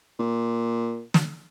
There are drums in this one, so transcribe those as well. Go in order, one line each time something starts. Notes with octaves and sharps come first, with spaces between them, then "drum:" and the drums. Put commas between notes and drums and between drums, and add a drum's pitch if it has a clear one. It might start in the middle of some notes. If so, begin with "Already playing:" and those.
A#2
drum: snare